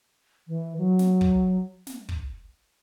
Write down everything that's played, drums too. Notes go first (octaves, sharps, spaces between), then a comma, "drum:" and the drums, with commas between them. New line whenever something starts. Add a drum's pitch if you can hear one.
E3
F#3
drum: snare
drum: kick
drum: snare
drum: kick